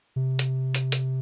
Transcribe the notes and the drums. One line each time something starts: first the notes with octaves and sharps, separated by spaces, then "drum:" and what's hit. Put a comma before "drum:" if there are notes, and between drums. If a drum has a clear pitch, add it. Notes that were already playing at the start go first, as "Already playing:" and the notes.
C3
drum: hi-hat
drum: hi-hat
drum: hi-hat